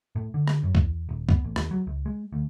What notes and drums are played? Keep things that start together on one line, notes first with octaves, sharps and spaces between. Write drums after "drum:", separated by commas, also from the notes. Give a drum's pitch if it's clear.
A2
D3
drum: rim click
F#2
E2, drum: kick C2
D#1
B3, drum: kick C2
A1
D#2, drum: rim click
F#3
C#2
G#3
D2